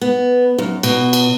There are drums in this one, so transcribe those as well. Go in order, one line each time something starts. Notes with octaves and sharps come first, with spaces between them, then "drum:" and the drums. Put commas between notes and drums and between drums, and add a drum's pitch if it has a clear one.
B3
F#2
B2, drum: cymbal
drum: cymbal